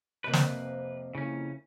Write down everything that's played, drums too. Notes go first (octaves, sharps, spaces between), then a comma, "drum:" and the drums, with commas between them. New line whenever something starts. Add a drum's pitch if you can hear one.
F2 C3 A#3 B4
drum: snare
F2 C#3 A#3 C#4 E4